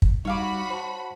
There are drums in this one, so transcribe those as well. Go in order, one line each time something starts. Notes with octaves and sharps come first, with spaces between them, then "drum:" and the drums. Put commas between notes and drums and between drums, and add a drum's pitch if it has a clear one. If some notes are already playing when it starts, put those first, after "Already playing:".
drum: kick
G3 D#4 F#4 C#5 F5 B5 D6
C5 F#5 A5